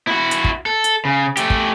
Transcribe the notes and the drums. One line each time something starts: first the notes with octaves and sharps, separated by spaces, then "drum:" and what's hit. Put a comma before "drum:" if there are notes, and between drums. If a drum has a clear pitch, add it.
E4 F#4
drum: hi-hat
drum: kick
A4
drum: hi-hat
C#3
A3 G4, drum: hi-hat
drum: kick